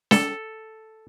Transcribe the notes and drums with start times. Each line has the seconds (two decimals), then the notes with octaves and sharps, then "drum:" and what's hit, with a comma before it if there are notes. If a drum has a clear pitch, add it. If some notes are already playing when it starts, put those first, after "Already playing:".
0.11 A4, drum: snare